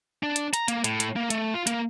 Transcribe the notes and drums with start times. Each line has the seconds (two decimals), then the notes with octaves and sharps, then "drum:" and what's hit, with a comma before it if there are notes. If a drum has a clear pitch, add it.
0.23 D4
0.36 drum: hi-hat
0.53 A#5, drum: hi-hat
0.68 A#3, drum: hi-hat
0.84 A2, drum: hi-hat
1.00 drum: hi-hat
1.16 A#3
1.30 A3, drum: hi-hat
1.54 F4
1.67 A#3, drum: hi-hat